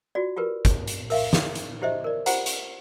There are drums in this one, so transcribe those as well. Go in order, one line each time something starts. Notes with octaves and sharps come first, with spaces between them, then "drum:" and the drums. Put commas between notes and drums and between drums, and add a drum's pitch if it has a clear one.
F4 F#4 D5
F4 G4 A#4 B4
drum: kick, hi-hat
drum: hi-hat
A#4 E5 F5, drum: open hi-hat
drum: snare
drum: hi-hat
E4 G4 C5 D#5 E5
A#4 D5
F4 G4 C5 F#5 A#5, drum: hi-hat
drum: hi-hat